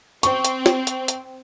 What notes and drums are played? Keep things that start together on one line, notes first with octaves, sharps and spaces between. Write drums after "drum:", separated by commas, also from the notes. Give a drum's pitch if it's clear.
C4 C#6, drum: hi-hat
drum: hi-hat
drum: snare
drum: hi-hat
drum: hi-hat